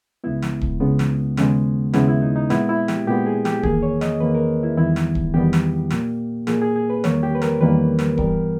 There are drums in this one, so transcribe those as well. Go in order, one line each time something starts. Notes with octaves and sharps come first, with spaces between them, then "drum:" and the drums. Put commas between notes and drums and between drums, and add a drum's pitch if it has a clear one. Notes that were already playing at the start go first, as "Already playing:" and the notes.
C#2 C#3 G#3 B3 E4
drum: snare
drum: kick
C#2 C#3 G#3 B3
drum: snare
D#2 C#3 G#3 B3, drum: snare
D#2 C#3 G#3 B3 E4, drum: snare
E4
D#4
D#4
A#2 G#3 B3 E4, drum: snare
E4
G4, drum: snare
A#2 G#3 B3 G4
G#4
G4, drum: snare
E2 D#3 A#3 G#4, drum: kick
C#5
D#5, drum: snare
E2 D#3 A#3 B4
A#4
E4
E2 D#3 G3 B3 E4
drum: snare
drum: kick
E2 D#3 G3 B3 G4
drum: snare
A#2 A#3, drum: snare
A#2 A#3 G#4, drum: snare
G#4
G#4
B4
E2 D#3 G3 A#3 C#5, drum: snare
G4
B4
A#4, drum: snare
E2 D#3 G3 A#3 B4
drum: snare
G2 E3 G3 B3 A#4, drum: kick